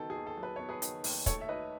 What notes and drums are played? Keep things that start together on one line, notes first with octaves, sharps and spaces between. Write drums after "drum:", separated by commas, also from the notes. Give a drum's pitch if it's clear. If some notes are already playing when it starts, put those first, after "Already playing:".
Already playing: D#3 F#3 B3 A4
G#4
D#2
A4
F#3
B4
B3 C#5
G#4 B4
D#3, drum: hi-hat
D#2, drum: open hi-hat
A3 A4 C#5, drum: kick, hi-hat
E5
D#4 B4 D#5